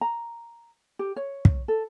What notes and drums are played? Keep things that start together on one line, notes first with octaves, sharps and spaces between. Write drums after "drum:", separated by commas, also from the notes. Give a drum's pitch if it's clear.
A#5
G4
C#5
drum: kick
A4